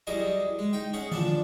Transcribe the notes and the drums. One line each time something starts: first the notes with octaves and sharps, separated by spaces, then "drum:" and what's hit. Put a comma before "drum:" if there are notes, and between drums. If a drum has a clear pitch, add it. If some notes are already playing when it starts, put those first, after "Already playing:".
E2 F#3 G3 G#4 D#5 D6
G#3
D#4 G5
C#4 G#4 F#5
F3 D4 D5, drum: tom D3